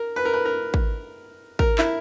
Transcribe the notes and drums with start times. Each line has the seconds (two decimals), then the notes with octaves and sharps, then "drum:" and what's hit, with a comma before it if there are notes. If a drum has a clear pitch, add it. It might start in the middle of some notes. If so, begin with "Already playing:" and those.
Already playing: A#4
0.16 B4
0.25 A#4
0.34 B4
0.45 A#4
0.74 drum: kick
1.59 A#4, drum: kick
1.78 E4, drum: clap